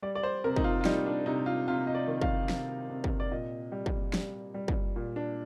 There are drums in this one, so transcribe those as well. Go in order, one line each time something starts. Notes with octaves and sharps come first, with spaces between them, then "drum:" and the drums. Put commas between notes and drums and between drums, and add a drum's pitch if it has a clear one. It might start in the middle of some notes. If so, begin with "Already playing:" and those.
G3 D5
D5
C5
C3 A#4
D#4, drum: kick
F4
F4
G3 D#4, drum: snare
D4
C3 D#4
F4
C3 F4
D#5
D5
D#3
F5, drum: kick
C3, drum: snare
C3
drum: kick
D5
A#2 D#5
G3
drum: kick
G3, drum: snare
G3
drum: kick
A#2
D4